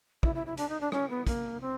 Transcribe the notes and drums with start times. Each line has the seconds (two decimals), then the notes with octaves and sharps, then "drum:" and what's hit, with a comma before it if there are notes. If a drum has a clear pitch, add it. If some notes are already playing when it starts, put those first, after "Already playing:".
0.23 E4, drum: kick
0.35 E4
0.46 E4
0.57 D4, drum: hi-hat
0.69 D#4
0.81 D4
0.92 C#4, drum: rim click
1.09 B3
1.27 A#3, drum: kick, hi-hat
1.61 C4